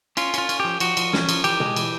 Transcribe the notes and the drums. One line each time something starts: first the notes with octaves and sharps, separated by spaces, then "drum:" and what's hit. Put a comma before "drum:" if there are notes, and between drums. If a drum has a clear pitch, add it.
C#4 F4, drum: cymbal
C#4 F4, drum: cymbal
C#4, drum: cymbal
F3 G4
F3 F#4, drum: cymbal
F3, drum: cymbal
C#4, drum: snare
F3, drum: cymbal
E3 G4, drum: cymbal
G#3, drum: tom B2
E3, drum: cymbal